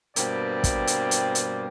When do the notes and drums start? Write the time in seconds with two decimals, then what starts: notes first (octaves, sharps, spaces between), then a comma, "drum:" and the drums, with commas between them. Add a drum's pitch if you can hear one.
0.16 G2 B2 A#3 C4 D5 G5, drum: hi-hat
0.64 drum: kick, hi-hat
0.87 drum: hi-hat
1.11 drum: hi-hat
1.35 drum: hi-hat